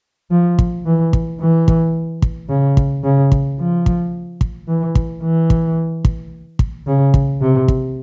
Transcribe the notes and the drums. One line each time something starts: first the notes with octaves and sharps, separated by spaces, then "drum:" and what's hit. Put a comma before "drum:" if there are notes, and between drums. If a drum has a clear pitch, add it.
F3
drum: kick
E3
drum: kick
E3
drum: kick
drum: kick
C#3
drum: kick
C#3
drum: kick
F3
drum: kick
drum: kick
E3
drum: kick
E3
drum: kick
drum: kick
drum: kick
C#3
drum: kick
C3
drum: kick